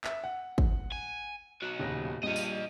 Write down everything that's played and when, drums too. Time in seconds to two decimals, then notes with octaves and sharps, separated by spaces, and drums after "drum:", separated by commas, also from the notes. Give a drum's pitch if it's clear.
0.04 E5, drum: clap
0.24 F#5
0.58 drum: kick
0.92 G#5
1.62 B1 F#4
1.79 D#1 C#3 A#6
2.23 A#1 G3 F4 D#5
2.36 drum: tambourine